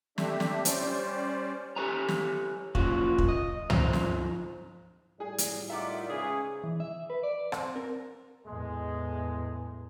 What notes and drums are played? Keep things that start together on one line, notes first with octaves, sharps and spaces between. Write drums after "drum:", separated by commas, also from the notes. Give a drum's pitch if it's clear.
G3 A3 D4 G4 E5, drum: snare
drum: snare
G3 C#4 C5 D5, drum: hi-hat
G4 A4 B4 C#5 G#5 A#5
drum: snare
F#2 F3 A#3 F4 F#4, drum: kick
drum: kick
D#5
D3 F3 C5 D#5 A#5, drum: tom
drum: snare
A2 G3 G#4 D5
drum: hi-hat
D#4 F4 A#4 E5 F#5 D6
G#2 C#3 G#4 B4 C#5
E3
E5
B4
D5
C4, drum: rim click
A#4
E2 A2 G#3